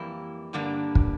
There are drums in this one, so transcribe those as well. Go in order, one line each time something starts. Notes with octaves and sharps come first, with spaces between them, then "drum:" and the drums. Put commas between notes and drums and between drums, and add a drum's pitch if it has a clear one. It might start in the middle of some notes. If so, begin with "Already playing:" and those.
Already playing: F2 E3 G3 A#3 E4
G2 D3 G3 A#3 D4
drum: kick